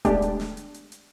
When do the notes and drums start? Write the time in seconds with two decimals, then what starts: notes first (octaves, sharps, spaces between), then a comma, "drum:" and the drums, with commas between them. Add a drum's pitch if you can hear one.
0.05 G#3 A3 B3 D4 G4, drum: kick D#1, hi-hat
0.22 drum: hi-hat
0.40 drum: snare
0.57 drum: hi-hat
0.74 drum: hi-hat
0.92 drum: hi-hat